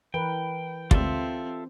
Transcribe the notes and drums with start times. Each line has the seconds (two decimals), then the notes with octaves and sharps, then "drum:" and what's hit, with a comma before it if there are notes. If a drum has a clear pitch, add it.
0.14 E3 A#4 B4 G5
0.91 D2 G#3 C4 F4 G4 A4 D5 E5, drum: kick